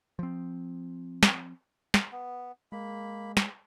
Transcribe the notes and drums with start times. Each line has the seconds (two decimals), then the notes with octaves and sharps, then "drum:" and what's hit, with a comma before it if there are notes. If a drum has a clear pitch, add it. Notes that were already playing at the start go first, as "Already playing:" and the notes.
0.19 F3 C4
1.23 drum: snare
1.94 drum: snare
2.12 B3
2.72 G#3 A#3 B5
3.37 drum: snare